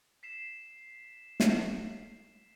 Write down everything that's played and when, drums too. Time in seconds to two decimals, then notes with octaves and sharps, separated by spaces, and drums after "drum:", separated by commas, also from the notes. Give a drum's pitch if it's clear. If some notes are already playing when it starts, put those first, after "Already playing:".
0.23 B6 C7 E7
1.40 drum: snare